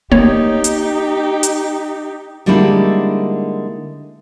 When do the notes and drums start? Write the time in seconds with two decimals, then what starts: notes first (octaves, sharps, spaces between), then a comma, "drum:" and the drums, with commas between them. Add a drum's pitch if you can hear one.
0.12 A#3 D#4 G4 C#5, drum: tom A#3
0.64 drum: hi-hat
1.43 drum: hi-hat
2.46 D3 G3 G#3 A#3 D#4 E4